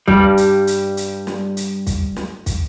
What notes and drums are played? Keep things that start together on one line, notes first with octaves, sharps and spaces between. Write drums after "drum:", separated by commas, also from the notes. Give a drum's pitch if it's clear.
G2 G3, drum: kick
drum: hi-hat
drum: hi-hat
drum: hi-hat
drum: snare
drum: hi-hat
drum: kick, hi-hat
drum: snare
drum: kick, hi-hat